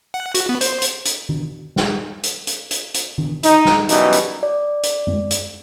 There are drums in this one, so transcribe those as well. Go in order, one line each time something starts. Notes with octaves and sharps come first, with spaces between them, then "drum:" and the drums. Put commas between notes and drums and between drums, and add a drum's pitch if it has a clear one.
F#5
F#4, drum: hi-hat
B3
C5, drum: hi-hat
drum: hi-hat
drum: hi-hat
drum: tom D#3
drum: snare
drum: hi-hat
drum: hi-hat
drum: hi-hat
drum: hi-hat
drum: tom D#3
D#4, drum: hi-hat
drum: snare
F#2 B2 E3 G3 D#4, drum: hi-hat
drum: hi-hat
D5
drum: hi-hat
drum: tom
drum: hi-hat